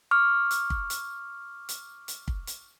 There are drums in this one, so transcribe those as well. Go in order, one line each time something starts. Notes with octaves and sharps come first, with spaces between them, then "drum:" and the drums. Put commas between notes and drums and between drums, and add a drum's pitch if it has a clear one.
C#6 D6 F6
drum: hi-hat
drum: kick
drum: hi-hat
drum: hi-hat
drum: hi-hat
drum: kick
drum: hi-hat